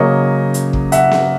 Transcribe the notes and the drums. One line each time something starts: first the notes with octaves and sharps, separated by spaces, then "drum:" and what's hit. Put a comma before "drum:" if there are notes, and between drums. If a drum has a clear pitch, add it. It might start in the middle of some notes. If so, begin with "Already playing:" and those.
Already playing: C#3 F#3 A#3 C#5 D#5
drum: hi-hat
drum: kick
E5 F#5, drum: hi-hat
drum: snare B3